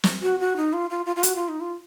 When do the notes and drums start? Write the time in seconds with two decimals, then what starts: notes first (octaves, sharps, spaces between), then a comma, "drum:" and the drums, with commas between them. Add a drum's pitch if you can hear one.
0.04 drum: snare
0.22 F#4
0.40 F#4
0.57 D#4
0.73 F4
0.90 F4
1.06 F4
1.16 F4
1.23 F#4, drum: hi-hat
1.36 F4
1.49 D#4
1.61 F4